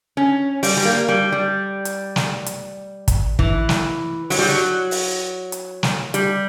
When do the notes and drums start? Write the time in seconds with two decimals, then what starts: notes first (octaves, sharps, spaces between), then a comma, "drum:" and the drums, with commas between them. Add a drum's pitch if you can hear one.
0.17 C#4
0.63 G3, drum: open hi-hat
0.77 G3
0.85 A#3
1.08 G3
1.32 G3
1.85 drum: hi-hat
2.16 drum: snare
2.46 drum: hi-hat
3.08 drum: kick, hi-hat
3.39 E3, drum: kick
3.69 drum: snare
4.30 F#3, drum: open hi-hat
4.39 G3
4.49 F#3
4.91 drum: open hi-hat
5.52 drum: hi-hat
5.83 drum: snare
6.14 G3, drum: hi-hat